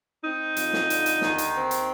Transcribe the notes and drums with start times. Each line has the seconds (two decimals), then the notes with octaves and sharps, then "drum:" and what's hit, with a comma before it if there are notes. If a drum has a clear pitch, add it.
0.24 C4 D#4
0.57 F2, drum: hi-hat
0.73 drum: snare
0.90 D3, drum: hi-hat
1.06 drum: hi-hat
1.21 D#2, drum: snare
1.38 drum: hi-hat
1.55 C4
1.71 drum: hi-hat